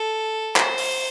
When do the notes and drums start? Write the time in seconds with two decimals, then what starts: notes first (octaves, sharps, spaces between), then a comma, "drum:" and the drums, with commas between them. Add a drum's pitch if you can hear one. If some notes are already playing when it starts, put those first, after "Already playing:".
Already playing: A4
0.56 C5, drum: clap
0.78 drum: open hi-hat